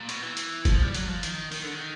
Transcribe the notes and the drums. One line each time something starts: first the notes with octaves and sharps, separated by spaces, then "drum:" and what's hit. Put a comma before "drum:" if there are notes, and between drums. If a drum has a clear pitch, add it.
A#2
B2, drum: hi-hat
E3
drum: hi-hat
F3, drum: kick F#1, hi-hat
G3
F#3, drum: hi-hat
F3
D#3, drum: hi-hat
D#3, drum: open hi-hat
D3
D#3